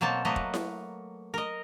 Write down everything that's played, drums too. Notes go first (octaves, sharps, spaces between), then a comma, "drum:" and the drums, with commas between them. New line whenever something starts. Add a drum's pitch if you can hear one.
B2 F#3 A#3 C4 A5
F#3 A3 A#3 B4 D#5
drum: kick
drum: snare E4
A#4 D#5